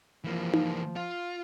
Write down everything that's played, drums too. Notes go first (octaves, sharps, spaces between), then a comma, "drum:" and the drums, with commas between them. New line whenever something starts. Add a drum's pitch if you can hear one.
E3 F3 A#3
drum: tom D#4
F4